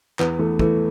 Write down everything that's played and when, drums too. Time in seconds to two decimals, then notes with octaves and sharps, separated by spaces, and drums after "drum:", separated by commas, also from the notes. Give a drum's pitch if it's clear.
0.19 E2 B3, drum: clap
0.39 E3 A3
0.59 E3 A3, drum: kick